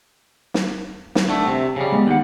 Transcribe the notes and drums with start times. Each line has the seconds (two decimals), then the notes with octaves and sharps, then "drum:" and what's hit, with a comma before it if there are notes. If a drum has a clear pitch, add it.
0.54 drum: snare
1.15 drum: snare
1.28 D3 A3
1.46 C3
1.76 C#3 G3
1.92 G#3 B3
2.07 D#2 D5 F#5